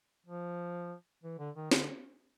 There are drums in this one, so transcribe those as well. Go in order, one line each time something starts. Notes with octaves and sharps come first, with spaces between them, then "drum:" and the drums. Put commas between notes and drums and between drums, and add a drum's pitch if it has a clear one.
F3
E3
D3
D#3
D3, drum: snare